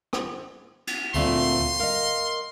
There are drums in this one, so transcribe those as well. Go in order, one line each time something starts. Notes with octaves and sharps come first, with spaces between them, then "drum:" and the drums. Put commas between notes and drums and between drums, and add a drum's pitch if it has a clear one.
drum: rim click
drum: cymbal
D2 A#2 A3 C4 B5 C6
A#4 D#5 F5